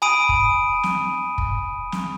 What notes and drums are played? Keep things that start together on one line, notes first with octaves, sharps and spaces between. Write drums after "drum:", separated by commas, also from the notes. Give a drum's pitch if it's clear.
G#5 B5 D#6 D7 D#7
drum: kick
drum: snare
drum: kick
drum: snare